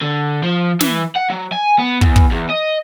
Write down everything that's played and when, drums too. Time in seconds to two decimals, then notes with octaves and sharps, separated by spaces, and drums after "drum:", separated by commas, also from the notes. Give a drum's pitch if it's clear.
0.02 D3
0.43 F3
0.81 E3, drum: snare
1.15 F#5
1.30 F#3
1.52 G#5
1.78 B3
2.01 E2, drum: kick
2.16 drum: kick
2.31 E2
2.50 D#5